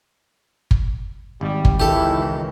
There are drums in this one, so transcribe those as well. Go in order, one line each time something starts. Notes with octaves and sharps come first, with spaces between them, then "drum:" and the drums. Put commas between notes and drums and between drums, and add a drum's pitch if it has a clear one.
drum: kick
G#1 G3
drum: kick
C#2 D#3 E3 E4 G4 A4